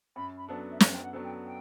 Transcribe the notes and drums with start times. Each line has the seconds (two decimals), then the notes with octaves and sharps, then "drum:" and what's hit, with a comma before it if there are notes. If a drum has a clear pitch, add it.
0.16 F#2 B5
0.37 B5
0.48 F#3 B3 D4 A4 A5
0.71 E5
0.80 F#2 D5, drum: snare
0.93 G5
1.03 F#5
1.13 F#3 B3 D4 A4
1.24 G5
1.46 G5